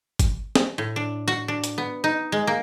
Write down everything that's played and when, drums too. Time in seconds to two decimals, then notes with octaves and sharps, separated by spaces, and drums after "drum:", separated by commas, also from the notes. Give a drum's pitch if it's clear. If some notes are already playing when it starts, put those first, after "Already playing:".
0.19 drum: kick G1, hi-hat
0.55 drum: snare
0.78 A2
0.96 D4
1.28 F#4
1.48 D4
1.64 drum: hi-hat
1.78 B3
2.04 D#4
2.32 G#3
2.47 A#3